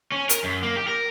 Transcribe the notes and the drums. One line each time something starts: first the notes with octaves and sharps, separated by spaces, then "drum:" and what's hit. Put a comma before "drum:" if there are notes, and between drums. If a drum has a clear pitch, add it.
C#4
A#4, drum: hi-hat
F#2
A#3
G4
A#4